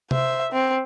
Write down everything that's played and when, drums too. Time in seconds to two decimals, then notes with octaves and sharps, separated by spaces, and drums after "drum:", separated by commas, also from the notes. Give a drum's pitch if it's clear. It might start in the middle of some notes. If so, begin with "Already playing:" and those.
0.11 C5 E5, drum: tom C3
0.52 C4